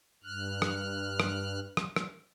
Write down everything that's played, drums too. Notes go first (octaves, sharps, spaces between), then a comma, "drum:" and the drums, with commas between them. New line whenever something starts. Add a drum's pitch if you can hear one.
G2 F6 F#6
drum: rim click
drum: rim click
drum: rim click
drum: rim click